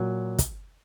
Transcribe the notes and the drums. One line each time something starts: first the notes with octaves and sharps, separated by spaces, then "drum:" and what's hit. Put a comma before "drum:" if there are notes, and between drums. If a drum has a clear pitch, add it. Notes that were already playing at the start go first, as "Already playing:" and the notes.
Already playing: A#2 F#3
drum: kick, hi-hat